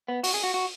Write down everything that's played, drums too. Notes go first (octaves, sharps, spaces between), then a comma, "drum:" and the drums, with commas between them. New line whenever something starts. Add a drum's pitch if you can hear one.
B3
F#4, drum: open hi-hat
G#4
F#4
F#4